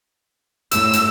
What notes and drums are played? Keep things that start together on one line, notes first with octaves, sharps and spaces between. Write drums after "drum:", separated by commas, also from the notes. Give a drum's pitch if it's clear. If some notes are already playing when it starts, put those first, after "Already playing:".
A2 E6, drum: hi-hat
drum: hi-hat